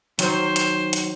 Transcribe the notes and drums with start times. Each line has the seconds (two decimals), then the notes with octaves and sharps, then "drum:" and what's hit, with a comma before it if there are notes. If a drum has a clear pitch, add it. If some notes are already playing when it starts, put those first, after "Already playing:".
0.19 D#3 F#3 C5, drum: hi-hat
0.56 drum: hi-hat
0.93 drum: hi-hat